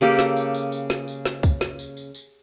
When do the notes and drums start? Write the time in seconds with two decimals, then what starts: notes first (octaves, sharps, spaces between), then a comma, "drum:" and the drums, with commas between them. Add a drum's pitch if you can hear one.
0.01 C#3 A#3 G4 A4
0.19 drum: snare
0.37 drum: tambourine
0.54 drum: tambourine
0.72 drum: tambourine
0.90 drum: snare
1.08 drum: tambourine
1.25 drum: snare
1.43 drum: kick C#2, tambourine
1.61 drum: snare
1.79 drum: tambourine
1.97 drum: tambourine
2.14 drum: tambourine